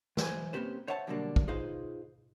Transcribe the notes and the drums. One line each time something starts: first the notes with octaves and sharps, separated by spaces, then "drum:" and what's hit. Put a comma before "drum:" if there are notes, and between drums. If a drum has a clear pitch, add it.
E3 C5 G#5, drum: snare
A#3 C4 C#4 G4 B4 C5
C5 C#5 E5 F#5 G#5 A5
B2 D3 F#3 G3 A#3 D4
drum: kick
D#4 F4 G#4 B4 C5 F5